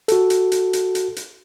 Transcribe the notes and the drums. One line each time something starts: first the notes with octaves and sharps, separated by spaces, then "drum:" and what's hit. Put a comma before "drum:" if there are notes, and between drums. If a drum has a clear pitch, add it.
F#4 A4, drum: hi-hat
drum: hi-hat
drum: hi-hat
drum: hi-hat
drum: hi-hat
drum: hi-hat